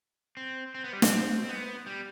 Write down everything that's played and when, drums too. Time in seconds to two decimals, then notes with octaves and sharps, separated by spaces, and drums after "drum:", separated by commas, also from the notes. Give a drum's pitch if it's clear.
0.37 C4
0.75 C4
0.84 B3
0.93 G3
1.02 C4, drum: snare
1.44 C4
1.49 B3
1.86 G3